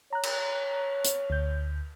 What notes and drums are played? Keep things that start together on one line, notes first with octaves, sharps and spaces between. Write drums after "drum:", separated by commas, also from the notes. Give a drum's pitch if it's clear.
C#5 A#5 F#6
drum: cymbal
drum: hi-hat
D2 G6